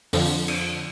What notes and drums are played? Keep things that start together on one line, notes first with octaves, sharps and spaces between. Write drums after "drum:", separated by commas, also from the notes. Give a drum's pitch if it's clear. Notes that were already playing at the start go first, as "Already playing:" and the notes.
F2 D3 F3, drum: open hi-hat
drum: cymbal